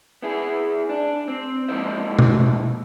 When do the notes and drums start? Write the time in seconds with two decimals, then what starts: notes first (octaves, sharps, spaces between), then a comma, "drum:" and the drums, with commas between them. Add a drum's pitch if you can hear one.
0.22 B3 E4 G#4
0.89 D4
1.28 C4
1.68 F3 G#3 A#3 E4 C5 D#5
2.19 drum: tom B2